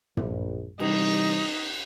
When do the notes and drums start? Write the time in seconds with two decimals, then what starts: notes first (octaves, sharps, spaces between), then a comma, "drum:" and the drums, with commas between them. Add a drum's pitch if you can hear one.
0.17 A#1, drum: tom
0.79 C3 E3 G3 D#4, drum: cymbal